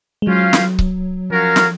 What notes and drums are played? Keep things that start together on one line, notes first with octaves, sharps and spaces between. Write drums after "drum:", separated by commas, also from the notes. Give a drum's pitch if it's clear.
G#3
F#3 C#4 F4 C5 F5
drum: snare
drum: kick C#1
F3 C#4 F#4 A#4 C#5 F5
drum: snare